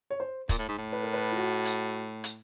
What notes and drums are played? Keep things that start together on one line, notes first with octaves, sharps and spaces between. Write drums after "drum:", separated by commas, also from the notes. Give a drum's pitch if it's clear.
C#5
C5
A#2, drum: kick, hi-hat
A2
G#2
A2
B4
A#4
B4
F4
F#4
drum: hi-hat
drum: hi-hat